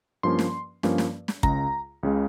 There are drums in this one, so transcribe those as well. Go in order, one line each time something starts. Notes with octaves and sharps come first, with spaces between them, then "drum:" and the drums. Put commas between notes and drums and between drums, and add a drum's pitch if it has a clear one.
G2 F3 A#3 C#4 C6
drum: snare
G2 F3 A#3 C#4, drum: snare
drum: snare
drum: snare
C#2 C#3 G#3 A#5, drum: kick
C#2 C#3 G#3